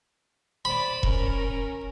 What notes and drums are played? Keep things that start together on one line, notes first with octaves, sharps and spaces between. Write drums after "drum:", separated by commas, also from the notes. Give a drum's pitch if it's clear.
C5 D5 B5
C#4 A#4, drum: kick E1